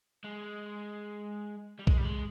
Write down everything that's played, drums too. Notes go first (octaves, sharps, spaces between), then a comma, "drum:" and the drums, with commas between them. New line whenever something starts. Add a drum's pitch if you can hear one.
G#3
G3
G#3, drum: kick B1
G3
G#3